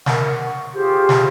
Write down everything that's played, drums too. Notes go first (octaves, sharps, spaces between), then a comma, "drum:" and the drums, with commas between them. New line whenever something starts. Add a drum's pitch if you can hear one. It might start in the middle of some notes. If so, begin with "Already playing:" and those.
A#4 F#5, drum: snare
C#6
F4 G4 G#4 C5
drum: snare